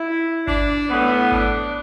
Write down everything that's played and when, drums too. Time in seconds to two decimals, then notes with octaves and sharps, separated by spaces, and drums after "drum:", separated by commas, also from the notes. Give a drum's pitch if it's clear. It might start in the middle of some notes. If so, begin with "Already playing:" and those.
Already playing: E4
0.47 D4, drum: kick G#1
0.89 A2 E3 B3
1.32 D4, drum: kick G#1